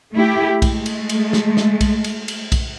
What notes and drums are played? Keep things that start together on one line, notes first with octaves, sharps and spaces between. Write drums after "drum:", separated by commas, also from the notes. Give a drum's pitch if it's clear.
A3 E4 G4
G#3 A3, drum: kick B1, cymbal
drum: cymbal
drum: cymbal
drum: snare
drum: snare
drum: kick B1, cymbal
drum: cymbal
drum: cymbal
drum: kick B1, cymbal